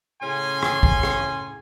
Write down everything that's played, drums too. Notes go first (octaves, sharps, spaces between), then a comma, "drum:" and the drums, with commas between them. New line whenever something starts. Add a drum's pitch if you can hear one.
A2 C#3 C#4 G#5 C6
drum: rim click
drum: kick G#1
drum: rim click